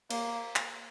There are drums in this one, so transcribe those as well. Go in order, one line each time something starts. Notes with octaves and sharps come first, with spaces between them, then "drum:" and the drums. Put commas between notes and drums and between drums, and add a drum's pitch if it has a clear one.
A#3, drum: cymbal
drum: clap